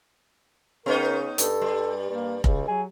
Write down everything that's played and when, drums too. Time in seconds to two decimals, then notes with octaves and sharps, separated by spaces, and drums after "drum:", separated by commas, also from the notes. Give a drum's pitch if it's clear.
0.86 C#3 B3 C#4 D#4 A#4
1.38 G2 A4, drum: hi-hat
1.61 G3
2.10 G2 A#3
2.44 C#2 C#3, drum: kick F1
2.68 F#3 G#4